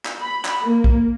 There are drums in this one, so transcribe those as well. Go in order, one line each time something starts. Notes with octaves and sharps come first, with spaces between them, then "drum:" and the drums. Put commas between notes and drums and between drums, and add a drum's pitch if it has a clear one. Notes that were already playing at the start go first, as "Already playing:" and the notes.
drum: clap
B5
drum: clap
A#3
drum: kick A#1